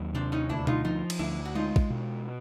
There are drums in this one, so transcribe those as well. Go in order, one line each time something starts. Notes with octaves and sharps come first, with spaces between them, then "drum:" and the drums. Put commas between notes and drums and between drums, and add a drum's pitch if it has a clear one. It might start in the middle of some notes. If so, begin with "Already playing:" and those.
Already playing: D#2 F#3
C3 C4 D4
C#4 D#4
D2 D4 E4
D#4 F4, drum: tom B2
F3 D#4 F4
drum: cymbal
D2 D4 E4
F#4
G#3 D#4 F4
drum: kick
B2